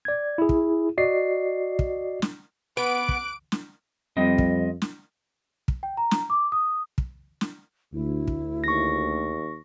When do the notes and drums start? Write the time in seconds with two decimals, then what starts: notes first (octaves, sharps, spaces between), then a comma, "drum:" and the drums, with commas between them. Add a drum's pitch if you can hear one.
0.05 D5 G#6
0.38 E4 G#4
0.49 drum: kick
0.98 F#4 D5 D#5 C7
1.79 drum: kick
2.22 drum: snare
2.77 B3 B4 D6 F#6 D7
3.09 drum: kick
3.52 drum: snare
4.17 F2 G3 C4 D#5
4.38 drum: kick
4.82 drum: snare
5.68 drum: kick
5.83 G5
5.97 A#5
6.11 drum: snare
6.30 D6
6.52 D#6
6.98 drum: kick
7.41 drum: snare
7.93 D2 E4
8.28 drum: kick
8.64 D#2 C#6 A#6